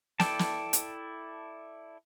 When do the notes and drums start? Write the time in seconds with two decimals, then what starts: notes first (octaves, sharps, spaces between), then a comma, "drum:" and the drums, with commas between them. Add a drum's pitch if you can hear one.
0.20 E4 A4 D5 G5 A5, drum: snare
0.39 drum: snare
0.73 drum: hi-hat